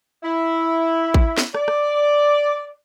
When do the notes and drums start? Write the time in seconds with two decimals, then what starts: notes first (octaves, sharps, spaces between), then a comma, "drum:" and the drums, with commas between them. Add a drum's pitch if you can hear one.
0.23 E4
1.14 drum: kick
1.38 drum: snare
1.54 D5, drum: rim click
1.68 drum: rim click